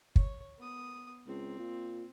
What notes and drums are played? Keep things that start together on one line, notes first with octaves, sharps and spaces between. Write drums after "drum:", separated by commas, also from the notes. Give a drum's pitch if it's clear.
C#5, drum: kick
B3 D#6
C#2 C4
A#2